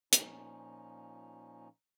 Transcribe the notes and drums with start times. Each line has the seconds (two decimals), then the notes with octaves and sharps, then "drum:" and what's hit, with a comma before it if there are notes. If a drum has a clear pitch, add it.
0.13 A#2 F3 C#4 D#4, drum: hi-hat